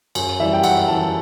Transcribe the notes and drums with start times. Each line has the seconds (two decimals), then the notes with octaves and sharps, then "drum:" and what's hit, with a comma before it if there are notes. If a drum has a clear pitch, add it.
0.15 F#2, drum: cymbal
0.40 E3 G3 E5
0.53 G5
0.64 F#2 F#5, drum: cymbal
0.87 E3 G3 A5